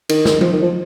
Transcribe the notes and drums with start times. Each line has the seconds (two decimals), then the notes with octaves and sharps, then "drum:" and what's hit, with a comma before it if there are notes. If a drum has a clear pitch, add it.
0.09 D#3, drum: cymbal
0.25 drum: snare
0.41 F3, drum: tom E3
0.53 D#3
0.62 F3